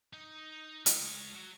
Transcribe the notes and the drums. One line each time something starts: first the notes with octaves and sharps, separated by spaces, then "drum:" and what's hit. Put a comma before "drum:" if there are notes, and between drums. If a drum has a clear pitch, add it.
D#4
G#3 C#5, drum: hi-hat
F#3